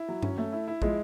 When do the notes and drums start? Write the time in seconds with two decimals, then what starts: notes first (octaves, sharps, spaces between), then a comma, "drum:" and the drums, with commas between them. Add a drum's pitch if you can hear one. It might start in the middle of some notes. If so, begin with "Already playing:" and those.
Already playing: E4
0.09 F#3
0.23 C#4, drum: tom G2
0.38 A3
0.53 E4
0.68 E4
0.82 F3 G#3, drum: kick